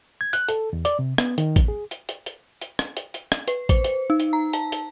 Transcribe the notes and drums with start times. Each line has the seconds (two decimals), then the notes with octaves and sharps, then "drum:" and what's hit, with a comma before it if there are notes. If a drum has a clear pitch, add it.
0.21 G#6
0.33 F#6, drum: hi-hat
0.49 A4, drum: hi-hat
0.73 E2
0.85 D5, drum: hi-hat
0.99 C3
1.18 B3, drum: rim click
1.38 D#3, drum: hi-hat
1.56 drum: kick A1, hi-hat
1.68 G#4
1.91 drum: hi-hat
2.09 drum: hi-hat
2.26 drum: hi-hat
2.61 drum: hi-hat
2.79 drum: rim click
2.97 drum: hi-hat
3.14 drum: hi-hat
3.32 drum: rim click
3.48 B4, drum: hi-hat
3.69 C5, drum: kick A1, hi-hat
3.84 drum: hi-hat
4.10 D#4
4.20 drum: hi-hat
4.33 A#5
4.53 A5, drum: hi-hat
4.72 drum: hi-hat